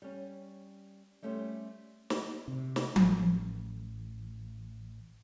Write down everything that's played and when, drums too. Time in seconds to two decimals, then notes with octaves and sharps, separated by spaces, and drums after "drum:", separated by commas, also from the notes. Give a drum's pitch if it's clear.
0.02 G3 C#4
1.22 G3 A3 C#4 G4 C5
2.10 drum: snare
2.48 C3
2.76 drum: snare
2.96 A1, drum: tom F3